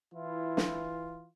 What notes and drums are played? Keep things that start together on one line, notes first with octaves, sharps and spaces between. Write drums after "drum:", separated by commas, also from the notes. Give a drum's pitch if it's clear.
E3 E4 F4
drum: snare